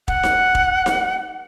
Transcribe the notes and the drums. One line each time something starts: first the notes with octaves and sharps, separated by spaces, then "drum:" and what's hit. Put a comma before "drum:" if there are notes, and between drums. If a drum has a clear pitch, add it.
F#5, drum: kick
drum: snare D#4
drum: kick
drum: snare D#4